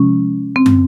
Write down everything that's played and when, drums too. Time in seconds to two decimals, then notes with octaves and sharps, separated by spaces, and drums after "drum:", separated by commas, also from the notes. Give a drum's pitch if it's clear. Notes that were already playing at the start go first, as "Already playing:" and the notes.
Already playing: C3 F3 G#3 C#4
0.56 C4
0.66 drum: tom